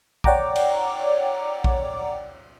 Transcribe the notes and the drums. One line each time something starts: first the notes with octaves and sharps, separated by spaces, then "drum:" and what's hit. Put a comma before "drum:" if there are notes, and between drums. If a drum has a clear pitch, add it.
C#5 D5 F#5 G5 A#5 D6, drum: kick A#1
drum: cymbal
drum: kick A#1